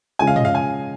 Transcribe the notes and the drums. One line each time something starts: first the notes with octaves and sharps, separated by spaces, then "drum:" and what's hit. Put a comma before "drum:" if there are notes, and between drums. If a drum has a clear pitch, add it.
C#3 F3 G#3 C#4 G#5
F5
D#5, drum: tom
F5
G#5